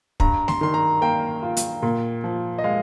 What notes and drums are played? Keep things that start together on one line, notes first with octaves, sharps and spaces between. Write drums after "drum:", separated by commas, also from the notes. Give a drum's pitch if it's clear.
G2 A#5, drum: kick
C6, drum: snare A3
D#3 C6
A#5
A#3 G5
F4
drum: hi-hat
A#2
F3
D#5
G#3 F5